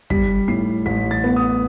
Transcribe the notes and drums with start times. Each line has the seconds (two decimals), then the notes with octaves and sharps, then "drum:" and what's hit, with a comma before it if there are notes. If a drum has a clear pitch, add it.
0.10 G3 B6, drum: kick
0.48 A2 C7
0.86 A1 B6
1.11 A6
1.24 B3
1.36 D#6